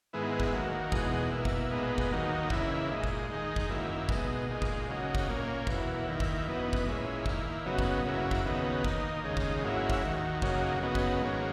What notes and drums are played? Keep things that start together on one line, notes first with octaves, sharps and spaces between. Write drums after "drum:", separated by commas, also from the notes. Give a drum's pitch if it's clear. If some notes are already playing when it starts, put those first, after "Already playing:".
G#2 D#3 G#3 B3 E4
drum: kick
D#3 F#3 A#3
E2 B2 G#3 D#4, drum: kick
B2 A#3 E4
drum: kick
A#2 G#3 B3 D#4
drum: kick
D#2 D#3 F#3 A#3 D#4
C#3 E3 A#3 E4, drum: kick
A#2 G#3 D#4
drum: kick
D#3 G#3 D#4
drum: kick
F#2 D#3 A#3 E4
B2 G#3 D#4, drum: kick
A#2 G#3 D#4
drum: kick
C#3 F#3 A#3 D#4
drum: kick
A#2 A#3 C#4
E2 B2 F#3 A#3 E4, drum: kick
D#2 D#3 A#3 E4
drum: kick
F#2 E3 B3 D#4
drum: kick
A#2 G#3 C#4 E4
D#3 A#3 E4, drum: kick
F#2 C#3 F#3 B3 D#4
drum: kick
F#2 C#3 F#3 A#3 E4
drum: kick
D#2 C#3 F#3 B3 D#4
D#3 A#3 D#4, drum: kick
D#2 C#3 G#3 D#4
drum: kick
G#2 F#3 A#3 C#4 E4
drum: kick
D#2 D#3 F#3
F#2 C#3 F#3 A#3 D#4, drum: kick
F#2 C#3 F#3 B3 D#4
drum: kick
G#2 D#3 F#3 A#3 C#4